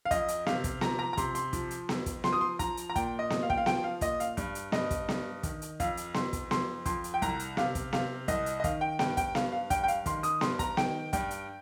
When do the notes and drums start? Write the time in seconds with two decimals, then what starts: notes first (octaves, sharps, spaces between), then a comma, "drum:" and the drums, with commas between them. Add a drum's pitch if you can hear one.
0.05 F5
0.11 F2 D#5, drum: kick, hi-hat
0.28 drum: hi-hat
0.46 C3 F5, drum: snare B3
0.64 drum: kick, hi-hat
0.81 F3 A#5, drum: snare B3
0.99 A#5
1.13 A#5
1.17 C3 C6, drum: kick, hi-hat
1.35 C6, drum: hi-hat
1.53 F3, drum: kick, hi-hat
1.71 drum: hi-hat
1.89 F2, drum: snare B3
2.06 drum: kick, hi-hat
2.24 F3 C6, drum: snare B3
2.33 D#6
2.41 C6
2.59 F3 A#5, drum: kick, hi-hat
2.77 drum: hi-hat
2.90 A#5
2.96 A#2 G5, drum: kick, hi-hat
3.19 D#5
3.30 A#2, drum: snare B3
3.43 F5
3.50 G5, drum: kick
3.58 F5
3.66 F3 G5, drum: snare B3
3.84 F5
4.01 A#2 D#5, drum: kick, hi-hat
4.20 F5, drum: hi-hat
4.37 G2, drum: kick, hi-hat
4.55 drum: hi-hat
4.72 G2 D#5, drum: snare B3
4.91 drum: kick, hi-hat
5.09 G2, drum: snare B3
5.43 D#3, drum: kick, hi-hat
5.62 drum: hi-hat
5.80 F2 F5, drum: kick, hi-hat
5.97 drum: hi-hat
6.14 F2 C6, drum: snare B3
6.33 drum: kick, hi-hat
6.51 F2 C6, drum: snare B3
6.86 F2 C6, drum: kick, hi-hat
7.04 drum: hi-hat
7.14 G5
7.22 C2 A#5, drum: kick, hi-hat
7.39 drum: hi-hat
7.57 C3 F5, drum: snare B3
7.75 drum: kick, hi-hat
7.93 C3 F5, drum: snare B3
8.28 C2 D#5, drum: kick, hi-hat
8.46 drum: hi-hat
8.60 D#5
8.64 D#3 F5, drum: kick, hi-hat
8.81 G5
8.99 G2 G5, drum: snare B3
9.17 G5, drum: kick, hi-hat
9.35 G2 F5, drum: snare B3
9.52 F5
9.70 G2 G5, drum: kick, hi-hat
9.84 G5
9.88 F5, drum: hi-hat
10.06 D#3 C6, drum: kick, hi-hat
10.23 D#6, drum: hi-hat
10.41 G2 C6, drum: snare B3
10.59 A#5, drum: kick, hi-hat
10.77 D#3 G5, drum: snare B3
11.13 G2 G5, drum: kick, hi-hat
11.31 drum: hi-hat